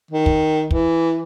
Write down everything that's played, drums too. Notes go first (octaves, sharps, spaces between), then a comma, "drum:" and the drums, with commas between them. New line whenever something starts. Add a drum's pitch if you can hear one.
D#3
drum: kick
E3, drum: kick